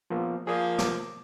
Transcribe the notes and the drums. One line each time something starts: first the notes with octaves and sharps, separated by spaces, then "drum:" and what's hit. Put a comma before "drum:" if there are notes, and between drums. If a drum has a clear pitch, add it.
F3 A#3 B3
F3 A#3 G#4 D5 D#6
D6, drum: snare